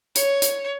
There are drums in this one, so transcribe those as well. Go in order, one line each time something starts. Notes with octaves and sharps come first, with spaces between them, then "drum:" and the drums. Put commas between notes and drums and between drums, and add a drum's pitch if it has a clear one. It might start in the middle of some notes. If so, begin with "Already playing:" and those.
C#5, drum: hi-hat
drum: hi-hat